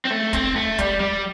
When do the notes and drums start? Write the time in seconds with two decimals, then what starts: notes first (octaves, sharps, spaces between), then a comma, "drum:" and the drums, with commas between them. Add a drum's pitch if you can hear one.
0.05 C4
0.10 A3
0.33 C4, drum: kick, hi-hat
0.56 A3
0.78 G3, drum: kick, hi-hat
1.00 G3